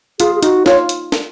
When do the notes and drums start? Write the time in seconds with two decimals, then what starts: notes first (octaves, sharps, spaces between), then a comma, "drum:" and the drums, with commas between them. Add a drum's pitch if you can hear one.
0.20 F4 G#4, drum: hi-hat
0.35 G#4
0.43 D#4 F#4, drum: hi-hat
0.66 F4 C#5, drum: snare
0.89 drum: hi-hat
1.12 drum: snare